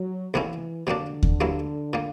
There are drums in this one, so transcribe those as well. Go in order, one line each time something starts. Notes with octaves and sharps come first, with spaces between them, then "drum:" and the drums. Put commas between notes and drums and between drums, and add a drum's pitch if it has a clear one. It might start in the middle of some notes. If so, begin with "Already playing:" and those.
Already playing: F#3
B1 B2 E3 A#3 C#4 E4
B2 D3 F#3 A#3 D4
drum: kick D#2
G2 F#3 A#3 E4
A#2 A#3